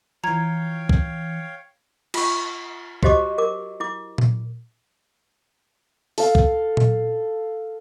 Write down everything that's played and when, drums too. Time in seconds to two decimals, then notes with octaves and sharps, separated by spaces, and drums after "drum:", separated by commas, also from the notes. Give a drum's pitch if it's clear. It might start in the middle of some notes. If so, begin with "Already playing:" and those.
0.24 E3 F3 C#5 F5 G5 A#5 G#6
0.89 drum: kick
2.14 F4 C#6, drum: cymbal
3.03 F#4 G4 C5 D#5 C#6 D6, drum: kick
3.38 A#4 D6
3.80 E4 D6
4.18 drum: tom A#2
6.18 A4 F5, drum: open hi-hat
6.35 drum: kick
6.77 drum: tom A#2